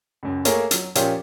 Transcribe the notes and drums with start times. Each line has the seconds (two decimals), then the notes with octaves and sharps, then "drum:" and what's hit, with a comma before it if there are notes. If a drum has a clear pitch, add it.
0.23 C#2 F#2
0.45 A3 A#3 G#4 A#4 C#5, drum: hi-hat
0.71 F#3, drum: hi-hat
0.95 A#2 F3 A#3 C#4 F4 G4, drum: hi-hat